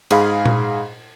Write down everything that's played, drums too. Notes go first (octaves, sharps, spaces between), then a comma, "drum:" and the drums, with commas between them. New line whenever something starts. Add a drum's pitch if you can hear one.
G#2 G#4 F5 B5, drum: cymbal
drum: tom A#2